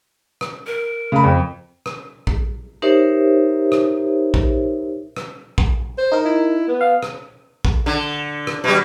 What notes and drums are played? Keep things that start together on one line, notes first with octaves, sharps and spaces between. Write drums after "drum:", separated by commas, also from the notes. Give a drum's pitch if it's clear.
drum: rim click
A#4
C#3 B5
F2
drum: rim click
drum: kick A#1
D#4 G4 A#4 C5 C#5 E5
drum: rim click
drum: kick A#1
drum: rim click
drum: kick A#1
C5
D#4 A#4
E4
B3
F5
drum: rim click
drum: kick A#1
D3
drum: rim click
B2 G3